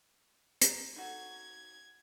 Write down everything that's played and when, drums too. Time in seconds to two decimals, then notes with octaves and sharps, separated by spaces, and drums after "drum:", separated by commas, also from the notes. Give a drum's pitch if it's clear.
0.61 A#5, drum: hi-hat
0.96 D#4 F#4 A4 G#6